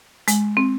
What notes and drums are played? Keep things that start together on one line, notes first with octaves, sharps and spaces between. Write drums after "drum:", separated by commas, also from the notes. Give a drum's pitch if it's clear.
G#3, drum: hi-hat
C4